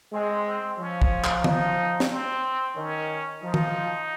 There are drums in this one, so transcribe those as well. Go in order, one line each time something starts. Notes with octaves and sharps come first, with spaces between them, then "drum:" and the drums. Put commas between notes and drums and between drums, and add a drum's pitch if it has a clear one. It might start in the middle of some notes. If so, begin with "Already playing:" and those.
G#3 C4
C4
F3 C#4
drum: kick
drum: clap
D#4, drum: tom
drum: snare
C4
D#3 C#4
F3 D#4
drum: tom